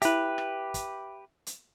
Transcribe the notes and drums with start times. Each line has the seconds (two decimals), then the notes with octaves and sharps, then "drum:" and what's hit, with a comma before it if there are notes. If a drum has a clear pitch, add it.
0.02 E4 G4 B4 E5 A5, drum: hi-hat
0.38 drum: rim click
0.74 drum: kick, hi-hat
1.47 drum: hi-hat